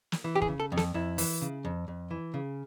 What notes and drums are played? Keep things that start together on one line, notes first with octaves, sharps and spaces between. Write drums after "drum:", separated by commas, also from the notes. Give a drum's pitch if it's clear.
drum: snare
E3
G4
G#4, drum: kick
C#3
A4
F2
A4, drum: snare
F2 E4
E3, drum: open hi-hat
C#3
F2
F2
E3
C#3